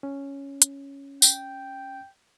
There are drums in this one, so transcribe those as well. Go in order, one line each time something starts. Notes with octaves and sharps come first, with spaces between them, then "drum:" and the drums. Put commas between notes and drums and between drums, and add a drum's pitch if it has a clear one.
C#4
drum: hi-hat
G5, drum: tambourine